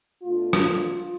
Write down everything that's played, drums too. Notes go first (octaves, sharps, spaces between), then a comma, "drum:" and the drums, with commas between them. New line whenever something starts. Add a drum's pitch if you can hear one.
B2 A3 D4 F4
drum: rim click